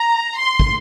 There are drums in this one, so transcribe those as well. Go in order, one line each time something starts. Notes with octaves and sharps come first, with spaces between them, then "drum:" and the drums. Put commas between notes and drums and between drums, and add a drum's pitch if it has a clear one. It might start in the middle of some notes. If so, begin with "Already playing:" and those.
Already playing: A#5
C6
drum: kick